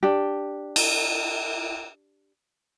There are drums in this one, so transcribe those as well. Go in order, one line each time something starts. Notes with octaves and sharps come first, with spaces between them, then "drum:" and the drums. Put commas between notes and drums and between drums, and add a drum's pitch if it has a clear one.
D4 G4
drum: cymbal